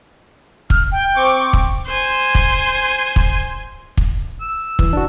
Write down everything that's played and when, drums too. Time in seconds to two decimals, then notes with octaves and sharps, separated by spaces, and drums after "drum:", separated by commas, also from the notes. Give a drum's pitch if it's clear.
0.70 F6, drum: kick
0.92 G5
1.16 C4 C#6 D6
1.53 drum: kick
1.87 C5 G#5
2.35 drum: kick
3.16 drum: kick
3.97 drum: kick
4.41 E6
4.79 E3, drum: kick
4.93 D4 F#4